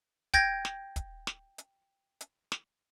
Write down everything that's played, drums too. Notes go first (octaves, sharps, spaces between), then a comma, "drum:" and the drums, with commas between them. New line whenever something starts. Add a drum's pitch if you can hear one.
G5 G6 G#6 A#6, drum: kick, hi-hat
drum: snare
drum: kick, hi-hat
drum: snare
drum: hi-hat
drum: hi-hat
drum: snare